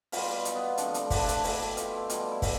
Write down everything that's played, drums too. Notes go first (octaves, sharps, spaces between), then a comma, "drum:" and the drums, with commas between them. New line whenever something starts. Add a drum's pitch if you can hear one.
B2 G3 F4, drum: open hi-hat
drum: hi-hat
B3
C3 F3 A3 D4, drum: hi-hat
drum: hi-hat
D4, drum: kick, open hi-hat
E4
D4, drum: hi-hat
B2 A3 E4, drum: open hi-hat
G4
F4, drum: hi-hat
E4
B2 G3 F4, drum: hi-hat
E4
drum: kick, open hi-hat